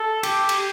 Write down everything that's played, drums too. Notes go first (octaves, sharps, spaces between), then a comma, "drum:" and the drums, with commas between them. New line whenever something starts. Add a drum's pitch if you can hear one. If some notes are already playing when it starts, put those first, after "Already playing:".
Already playing: A4
G4, drum: cymbal
drum: cymbal